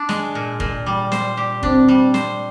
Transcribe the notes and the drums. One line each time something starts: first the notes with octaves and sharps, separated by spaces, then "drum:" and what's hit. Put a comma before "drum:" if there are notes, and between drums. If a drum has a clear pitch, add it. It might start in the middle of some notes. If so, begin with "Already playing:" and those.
Already playing: D4
G#3, drum: snare
A#2
A#2, drum: kick
G3
C5, drum: snare
G4
C4 D4, drum: kick
G3
C5, drum: snare